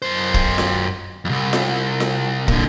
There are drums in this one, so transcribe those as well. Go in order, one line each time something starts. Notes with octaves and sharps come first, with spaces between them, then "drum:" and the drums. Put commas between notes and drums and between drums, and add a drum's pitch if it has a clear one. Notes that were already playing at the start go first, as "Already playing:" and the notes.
F#2 C5
drum: kick
drum: snare F4
C2 F2
drum: snare F4
drum: snare F4
A#2 D3, drum: kick